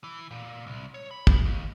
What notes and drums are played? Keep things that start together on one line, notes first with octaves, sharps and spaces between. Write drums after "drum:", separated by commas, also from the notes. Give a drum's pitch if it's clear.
E3
A#2
C2
C#5
B5
drum: kick
D#2